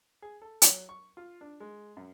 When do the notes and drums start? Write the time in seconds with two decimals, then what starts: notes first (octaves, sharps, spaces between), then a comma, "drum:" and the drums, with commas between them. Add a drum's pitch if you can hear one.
0.22 G#4
0.42 A4
0.62 F#3, drum: hi-hat
0.89 C#6
1.17 F4
1.41 D4
1.60 G#3
1.97 F#2